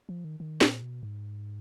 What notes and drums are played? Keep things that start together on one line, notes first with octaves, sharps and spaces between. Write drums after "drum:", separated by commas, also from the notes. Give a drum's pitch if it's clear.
F3
D#3
D#3
A#2, drum: snare
B2
G#2